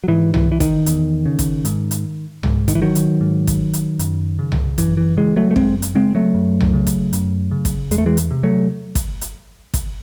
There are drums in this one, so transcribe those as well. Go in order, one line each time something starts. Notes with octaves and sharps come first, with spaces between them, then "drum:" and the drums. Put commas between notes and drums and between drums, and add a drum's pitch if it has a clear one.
F#3
G#2 E3
E3, drum: tom C2
E3
D#3, drum: kick, hi-hat
E2, drum: hi-hat
C#3
drum: kick, hi-hat
G#2, drum: hi-hat
drum: hi-hat
G#2, drum: tom C2
D#3, drum: kick, hi-hat
E3
D#3 F#3
drum: hi-hat
G#2
drum: kick, hi-hat
drum: hi-hat
F#2, drum: hi-hat
C#3
drum: tom C2
F#2 E3, drum: kick, hi-hat
E3
C#3 E3 G#3
F#3 A3
A3
F#2 G#3 C4, drum: kick
drum: hi-hat
C#3 G#3 C4
F#3 A3
F#2
drum: tom C2
C#3
drum: kick, hi-hat
F#2, drum: hi-hat
C#3
drum: kick, hi-hat
E2 G#3, drum: hi-hat
A3
E3 G#3
drum: hi-hat
C3
F#3 A3
drum: kick, hi-hat
drum: hi-hat
drum: kick, hi-hat